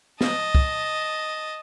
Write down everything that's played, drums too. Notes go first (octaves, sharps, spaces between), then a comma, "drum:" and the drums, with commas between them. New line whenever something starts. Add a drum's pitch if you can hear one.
D#5 A5, drum: snare
drum: kick